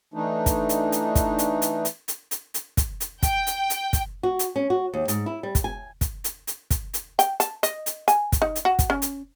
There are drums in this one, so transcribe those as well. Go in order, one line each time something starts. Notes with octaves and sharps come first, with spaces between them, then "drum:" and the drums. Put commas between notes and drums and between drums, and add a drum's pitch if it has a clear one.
E3 A3 D4 D#4
drum: kick, hi-hat
drum: hi-hat
drum: hi-hat
drum: kick, hi-hat
drum: hi-hat
drum: hi-hat
drum: hi-hat
drum: hi-hat
drum: hi-hat
drum: hi-hat
drum: kick, hi-hat
drum: hi-hat
G5, drum: kick, hi-hat
drum: hi-hat
drum: hi-hat
drum: kick, hi-hat
F#4
drum: hi-hat
C#4
F#4
D#2
G#2, drum: hi-hat
E4
G3
drum: kick, hi-hat
G#5
drum: kick, hi-hat
drum: hi-hat
drum: hi-hat
drum: kick, hi-hat
drum: hi-hat
G5, drum: hi-hat
A5, drum: hi-hat
D#5, drum: hi-hat
drum: hi-hat
G#5, drum: hi-hat
drum: kick, hi-hat
D#4
drum: hi-hat
F#4
drum: kick, hi-hat
C#4
drum: hi-hat